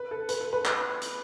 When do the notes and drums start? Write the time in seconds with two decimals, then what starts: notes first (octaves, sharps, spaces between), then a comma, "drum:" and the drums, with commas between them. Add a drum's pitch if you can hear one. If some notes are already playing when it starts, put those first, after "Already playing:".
Already playing: B4
0.11 A4
0.29 B4, drum: hi-hat
0.41 A4
0.53 B4
0.65 drum: clap
1.02 drum: hi-hat